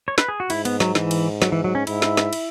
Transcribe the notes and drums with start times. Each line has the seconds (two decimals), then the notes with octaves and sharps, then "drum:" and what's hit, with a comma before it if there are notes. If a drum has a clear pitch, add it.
0.08 C#5
0.18 B4, drum: snare
0.28 G#4
0.40 F#4
0.50 G#2 E4, drum: cymbal
0.65 B3, drum: cymbal
0.80 F#3, drum: snare
0.95 E3, drum: snare
1.11 drum: cymbal
1.42 F#3, drum: snare
1.52 E3
1.64 F#3
1.75 C#4
1.87 G#2 E4, drum: cymbal
2.02 drum: snare
2.17 drum: snare
2.33 drum: cymbal